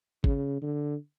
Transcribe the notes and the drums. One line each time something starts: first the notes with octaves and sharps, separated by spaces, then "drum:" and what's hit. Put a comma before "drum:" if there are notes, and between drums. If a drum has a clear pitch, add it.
C#3, drum: kick G#1
D3